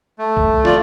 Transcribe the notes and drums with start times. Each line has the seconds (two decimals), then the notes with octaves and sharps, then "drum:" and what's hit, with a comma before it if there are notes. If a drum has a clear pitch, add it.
0.18 A3
0.37 drum: kick B1
0.65 F4 D5, drum: snare